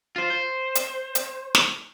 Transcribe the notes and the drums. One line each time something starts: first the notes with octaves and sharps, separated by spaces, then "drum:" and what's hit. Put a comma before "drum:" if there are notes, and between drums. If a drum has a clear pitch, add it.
F4 C5
C5
drum: hi-hat
drum: hi-hat
drum: snare